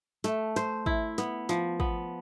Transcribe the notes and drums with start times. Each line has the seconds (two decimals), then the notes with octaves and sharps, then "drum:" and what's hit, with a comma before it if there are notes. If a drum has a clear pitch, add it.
0.24 A3, drum: snare
0.56 C5, drum: snare
0.86 E4, drum: kick
1.18 B3, drum: snare
1.49 F3, drum: snare
1.80 B3, drum: kick